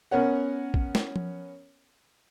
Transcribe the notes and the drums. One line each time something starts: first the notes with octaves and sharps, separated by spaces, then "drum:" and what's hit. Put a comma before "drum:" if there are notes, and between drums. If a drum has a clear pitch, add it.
B3 C#4 A#4 C#5 F#5
drum: kick
drum: snare
drum: tom F3